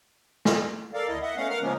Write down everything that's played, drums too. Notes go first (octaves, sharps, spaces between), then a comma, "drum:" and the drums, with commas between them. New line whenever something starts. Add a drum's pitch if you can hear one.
drum: snare
A4 A#4 D5 F5
D2 E4 D#5
D#5 E5 F#5
A3 B3 C#4 F5 F#5
A#4 F5 F#5 F6
C#3 F3 G#3 A#3 B3 C#4